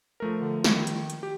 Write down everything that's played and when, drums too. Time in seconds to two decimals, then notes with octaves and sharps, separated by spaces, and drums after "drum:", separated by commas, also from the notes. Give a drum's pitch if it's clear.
0.20 F3 A3 A#4
0.39 D3
0.64 D#3, drum: snare
0.87 drum: hi-hat
1.10 drum: hi-hat
1.23 G4